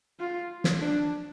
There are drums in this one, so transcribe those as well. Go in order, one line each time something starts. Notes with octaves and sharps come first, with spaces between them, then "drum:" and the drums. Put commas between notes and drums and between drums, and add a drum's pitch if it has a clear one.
F4
drum: snare
D4